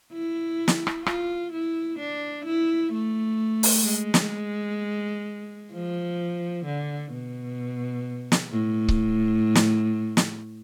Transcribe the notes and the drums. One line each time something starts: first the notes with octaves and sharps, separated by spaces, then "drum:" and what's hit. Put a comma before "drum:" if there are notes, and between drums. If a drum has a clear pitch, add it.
E4
drum: snare
drum: rim click
F4, drum: rim click
E4
D4
E4
A3
drum: open hi-hat
G#3
drum: snare
F3
D3
B2
drum: snare
A2
drum: kick C#1
drum: snare
drum: snare